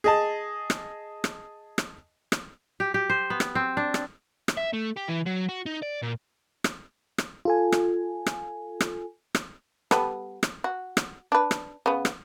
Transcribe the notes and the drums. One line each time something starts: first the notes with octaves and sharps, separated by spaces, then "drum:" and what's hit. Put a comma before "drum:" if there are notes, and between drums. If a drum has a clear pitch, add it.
G#4 D#5 A5
drum: rim click
drum: rim click
drum: rim click
drum: rim click
G4
G4
C5
B3
drum: rim click
C4
D4
drum: rim click
drum: rim click
E5
A3
G4
E3
F#3
F#4
D#4
D5
A#2
drum: rim click
drum: rim click
F4 A4 G#5
drum: rim click
drum: rim click
drum: rim click
drum: rim click
G3 B3 A4, drum: rim click
drum: rim click
F#4
drum: rim click
D4 B4
drum: rim click
C#3 B3
drum: rim click